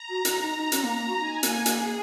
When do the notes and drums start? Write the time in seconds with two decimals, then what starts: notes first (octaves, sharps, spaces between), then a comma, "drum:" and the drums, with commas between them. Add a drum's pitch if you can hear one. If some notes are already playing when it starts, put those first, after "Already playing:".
Already playing: A#5
0.09 F#4
0.25 F#4, drum: hi-hat
0.41 D#4
0.56 D#4
0.72 C#4, drum: hi-hat
0.84 A#3
0.96 A#3
1.07 F#4
1.19 D#4 G#5
1.43 A#3, drum: hi-hat
1.66 A#3 G#4, drum: hi-hat